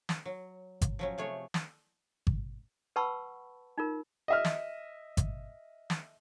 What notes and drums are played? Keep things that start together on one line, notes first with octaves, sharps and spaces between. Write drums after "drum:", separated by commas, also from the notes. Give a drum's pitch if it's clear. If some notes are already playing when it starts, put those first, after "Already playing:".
drum: snare
F#3
drum: kick G#1, hi-hat
F3 F#3 C#4
C3 A3 G#4 C#5
drum: snare
drum: kick G#1
B4 F#5 A5 B5 C#6 E6
D#4 F4 A#4
D#5 E5 F6
drum: snare
drum: kick G#1, hi-hat
drum: snare